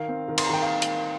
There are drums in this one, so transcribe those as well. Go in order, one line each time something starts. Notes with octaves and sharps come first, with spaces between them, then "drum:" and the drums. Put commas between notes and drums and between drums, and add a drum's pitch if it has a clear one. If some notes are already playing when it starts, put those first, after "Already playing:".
Already playing: D#3 F5
C4
D#3
C6, drum: cymbal
A#5
D#3 G5
F5
drum: hi-hat